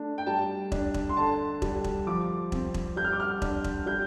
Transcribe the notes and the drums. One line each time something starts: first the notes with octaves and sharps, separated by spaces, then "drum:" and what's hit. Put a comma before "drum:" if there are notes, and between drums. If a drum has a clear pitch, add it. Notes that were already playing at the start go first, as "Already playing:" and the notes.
Already playing: A3 D4
G5
G3 A5
D4, drum: kick
drum: kick
C6
D3 A5
G3, drum: kick
drum: kick
F3 D6
C4, drum: kick
drum: kick
G3 G6
F6
D6
F6
D4, drum: kick
drum: kick
G3 G6